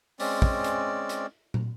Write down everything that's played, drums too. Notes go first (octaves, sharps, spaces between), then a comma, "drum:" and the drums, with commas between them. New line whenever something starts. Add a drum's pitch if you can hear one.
G#3 C4 C#4 D5, drum: open hi-hat
drum: kick
drum: hi-hat
drum: hi-hat
drum: tom